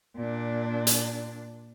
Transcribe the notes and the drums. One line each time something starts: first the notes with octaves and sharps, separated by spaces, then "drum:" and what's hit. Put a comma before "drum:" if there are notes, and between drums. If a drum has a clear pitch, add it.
A#2 D4
drum: hi-hat